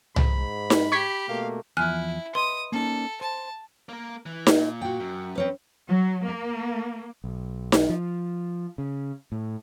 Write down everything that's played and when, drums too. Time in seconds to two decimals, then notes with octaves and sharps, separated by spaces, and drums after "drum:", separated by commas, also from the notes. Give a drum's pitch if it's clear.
0.16 G#2 B5, drum: tom C2
0.70 drum: snare D#4
0.92 G4 C#6 G#6 B6
1.29 B2 A3 A#3 F5
1.77 E2 F3 E4 G#5 F6 F#6
2.35 B4 D#5 C6 D#6
2.72 A#3 C#4 D#4 A4
3.21 C5 A5
3.89 A#3 A#4
4.26 E3
4.47 A#2, drum: snare D#4
4.81 F#4 G5
5.00 F#2
5.35 C4 C#4 B4
5.90 F#3
6.26 A#3
7.24 B1
7.72 drum: snare D#4
7.90 F3
8.78 C#3
9.32 A2